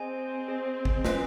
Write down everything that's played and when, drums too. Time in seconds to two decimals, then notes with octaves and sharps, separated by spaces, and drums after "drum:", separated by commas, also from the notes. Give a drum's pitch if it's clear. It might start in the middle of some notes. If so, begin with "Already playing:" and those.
Already playing: C4 G#4 C5 D#5 G#5
0.48 G#4 C5 D#5 G#5
0.85 drum: kick
1.05 C#4 F4 G#4 B4 D#5, drum: snare